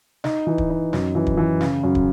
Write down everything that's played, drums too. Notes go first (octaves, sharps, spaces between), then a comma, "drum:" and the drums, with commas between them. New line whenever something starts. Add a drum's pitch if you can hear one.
D#4, drum: snare
E3
drum: kick
D#4
F#2, drum: snare
E3
drum: kick
E3
C#3, drum: snare
F#2
drum: kick